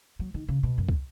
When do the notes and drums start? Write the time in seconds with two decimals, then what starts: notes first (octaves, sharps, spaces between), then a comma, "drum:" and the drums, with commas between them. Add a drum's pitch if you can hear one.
0.19 F#3
0.34 D#3
0.48 C#3
0.63 B2
0.78 F#2
0.89 drum: kick